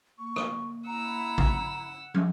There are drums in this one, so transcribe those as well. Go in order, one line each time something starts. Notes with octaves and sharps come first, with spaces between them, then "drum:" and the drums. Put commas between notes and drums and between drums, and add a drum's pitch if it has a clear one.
A#3 C#6
drum: rim click
E4 F#5 A#5 E6
drum: kick A1
drum: tom